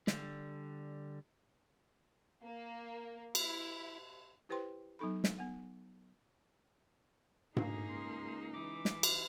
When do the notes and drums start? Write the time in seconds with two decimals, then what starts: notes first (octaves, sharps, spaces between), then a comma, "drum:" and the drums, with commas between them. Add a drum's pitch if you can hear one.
0.07 D3 G3, drum: snare
2.42 A#3
3.35 E4, drum: cymbal
4.49 E4 G4 B4 C5 G5 C6
4.99 F#3 B3 D#4 A4 B5
5.24 drum: snare
5.38 B3 F#5
7.57 D2 A#3 D#4 G#4, drum: tom G#2
7.89 C#2 C6
8.54 E3 D6
8.85 drum: snare
9.03 drum: cymbal